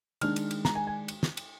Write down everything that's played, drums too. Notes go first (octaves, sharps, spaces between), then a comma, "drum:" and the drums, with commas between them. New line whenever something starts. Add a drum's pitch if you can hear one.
D#3 G#3 D4 F6, drum: cymbal
drum: cymbal
drum: cymbal
A#5, drum: snare
G#5
G#5
drum: cymbal
drum: snare
drum: cymbal